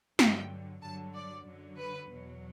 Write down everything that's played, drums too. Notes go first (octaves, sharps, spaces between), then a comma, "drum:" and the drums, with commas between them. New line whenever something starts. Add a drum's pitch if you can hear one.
G2 D3 F#3 G5, drum: snare
G2 D3 F#3 A5
D5
F#2 D3 F#3
B4
E2 B2 F#3